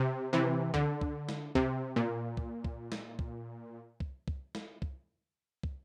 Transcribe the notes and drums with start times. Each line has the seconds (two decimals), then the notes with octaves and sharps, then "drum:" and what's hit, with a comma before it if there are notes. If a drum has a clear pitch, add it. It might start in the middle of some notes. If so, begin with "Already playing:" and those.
Already playing: C3
0.33 C3 E3
0.74 D3, drum: kick
1.01 drum: kick
1.29 drum: snare
1.55 C3, drum: kick
1.96 A#2
2.37 drum: kick
2.64 drum: kick
2.92 drum: snare
3.19 drum: kick
4.00 drum: kick
4.28 drum: kick
4.55 drum: snare
4.82 drum: kick
5.63 drum: kick